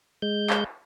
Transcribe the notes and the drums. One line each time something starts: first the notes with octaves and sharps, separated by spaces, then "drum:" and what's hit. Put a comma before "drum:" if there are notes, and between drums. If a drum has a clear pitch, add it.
G#3 G6
drum: clap